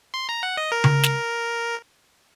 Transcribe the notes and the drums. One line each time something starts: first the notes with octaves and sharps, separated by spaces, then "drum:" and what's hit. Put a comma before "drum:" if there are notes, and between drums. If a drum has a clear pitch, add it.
C6
A#5
F#5
D#5
A#4
drum: tom C#3
drum: snare